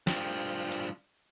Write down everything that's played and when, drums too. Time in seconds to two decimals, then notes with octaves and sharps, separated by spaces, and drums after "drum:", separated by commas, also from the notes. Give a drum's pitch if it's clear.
0.07 G2 F3, drum: snare
0.72 drum: hi-hat